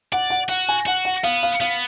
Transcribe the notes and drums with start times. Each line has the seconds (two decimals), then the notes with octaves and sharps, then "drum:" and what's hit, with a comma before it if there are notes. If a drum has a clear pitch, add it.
0.12 D5 F#5
0.30 F#5
0.49 F#4 F#5, drum: tambourine
0.69 G#5
0.86 F#4 F#5
1.05 F#5
1.23 B3 F5, drum: tambourine
1.43 F5
1.61 B3 F5